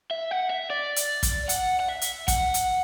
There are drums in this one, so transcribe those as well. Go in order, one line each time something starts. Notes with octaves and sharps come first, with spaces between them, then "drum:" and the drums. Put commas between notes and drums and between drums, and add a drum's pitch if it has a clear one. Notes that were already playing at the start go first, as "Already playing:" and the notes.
E5
F#5
E5
D5
drum: hi-hat
drum: kick, hi-hat
F#5, drum: hi-hat
F#5
E5
drum: hi-hat
F#5, drum: kick, hi-hat
drum: hi-hat